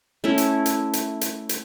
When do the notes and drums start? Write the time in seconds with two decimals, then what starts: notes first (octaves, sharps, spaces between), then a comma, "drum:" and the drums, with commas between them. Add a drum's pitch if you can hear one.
0.24 A3 C#4 E4
0.38 drum: hi-hat
0.66 drum: hi-hat
0.93 drum: hi-hat
1.21 drum: hi-hat
1.49 drum: hi-hat